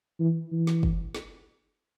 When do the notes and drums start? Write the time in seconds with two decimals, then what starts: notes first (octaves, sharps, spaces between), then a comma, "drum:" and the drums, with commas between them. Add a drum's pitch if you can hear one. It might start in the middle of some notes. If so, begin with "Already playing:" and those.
0.20 E3
0.52 E3
0.67 drum: snare
0.83 drum: kick
1.15 drum: snare